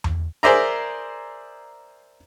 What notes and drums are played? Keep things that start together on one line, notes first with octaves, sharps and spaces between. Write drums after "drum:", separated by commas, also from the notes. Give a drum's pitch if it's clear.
drum: tom E2
G#4 A#4 C5 D5 E5 A#5